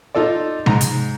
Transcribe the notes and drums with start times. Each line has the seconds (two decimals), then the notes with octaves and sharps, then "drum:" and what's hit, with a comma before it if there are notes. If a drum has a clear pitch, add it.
0.15 D#4 F4 A4 D5
0.66 G#2 A#5, drum: tom C3
0.81 drum: hi-hat